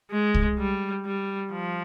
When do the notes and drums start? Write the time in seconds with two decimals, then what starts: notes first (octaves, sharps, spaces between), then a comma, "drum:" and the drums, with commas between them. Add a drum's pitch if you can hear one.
0.11 G#3
0.34 drum: kick C2
0.58 G3
1.05 G3
1.52 F3